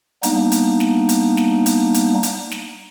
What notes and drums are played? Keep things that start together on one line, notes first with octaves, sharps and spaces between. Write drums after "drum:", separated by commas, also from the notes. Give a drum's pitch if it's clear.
G3 A#3 B3 D4 D#4, drum: hi-hat
drum: hi-hat
drum: snare
drum: hi-hat
drum: snare
drum: hi-hat
drum: hi-hat
drum: hi-hat
drum: snare